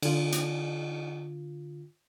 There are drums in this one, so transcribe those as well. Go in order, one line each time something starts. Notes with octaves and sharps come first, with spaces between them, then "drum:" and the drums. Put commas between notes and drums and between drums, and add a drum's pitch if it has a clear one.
D3 F4, drum: cymbal
drum: hi-hat